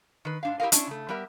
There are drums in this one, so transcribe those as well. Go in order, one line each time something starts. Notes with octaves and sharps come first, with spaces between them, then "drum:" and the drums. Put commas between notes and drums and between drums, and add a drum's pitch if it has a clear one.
D#3 B4
G#2 D4 F5
E4 G4 A4 A#4 D#5 F5
C#4 D4 E4, drum: hi-hat
C#3 A3
G3 B3 G4 A#4 E5